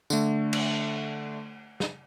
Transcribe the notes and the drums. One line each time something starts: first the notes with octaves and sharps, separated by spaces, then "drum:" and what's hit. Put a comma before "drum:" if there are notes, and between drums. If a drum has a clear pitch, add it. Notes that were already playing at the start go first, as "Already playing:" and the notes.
D3 A3, drum: tambourine
drum: cymbal
drum: snare